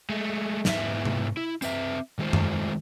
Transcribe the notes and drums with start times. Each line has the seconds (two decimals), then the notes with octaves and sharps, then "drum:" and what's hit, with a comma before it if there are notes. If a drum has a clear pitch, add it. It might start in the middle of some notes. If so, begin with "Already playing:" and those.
0.09 G#3 A3
0.65 G#2 B3 E4 E5, drum: snare
1.05 drum: tom C3
1.37 E4
1.62 C4 B4 E5, drum: tambourine
2.19 D#3 G#3 A3 F4 C5
2.33 drum: tom F#2